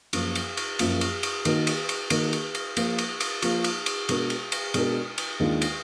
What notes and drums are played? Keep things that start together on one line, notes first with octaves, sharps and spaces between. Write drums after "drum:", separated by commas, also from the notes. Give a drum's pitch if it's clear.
F#2 F3 A#3 F4, drum: cymbal
drum: cymbal
drum: cymbal
F#2 F3 A#3 F4, drum: cymbal
drum: cymbal
drum: cymbal
D#3 A#3 D#4 F#4 A#4, drum: cymbal
drum: cymbal
drum: cymbal
D#3 A#3 D#4 F#4 A#4, drum: cymbal
drum: cymbal
drum: cymbal
F3 A#3 F4, drum: cymbal
drum: cymbal
drum: cymbal
F3 A#3 F4, drum: cymbal
drum: cymbal
drum: cymbal
B2 G#3 D4 F#4 A#4, drum: cymbal
drum: cymbal
drum: cymbal
B2 G#3 D4 F#4 A#4, drum: cymbal
drum: cymbal
D#2 D#3 G#3 D4 F4
drum: cymbal